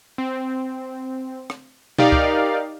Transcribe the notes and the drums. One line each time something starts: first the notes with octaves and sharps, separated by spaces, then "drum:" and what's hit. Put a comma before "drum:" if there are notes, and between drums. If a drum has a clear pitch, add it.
C4
drum: rim click
D#4 G4 A#4 D5 F5, drum: tom B2
drum: kick C#2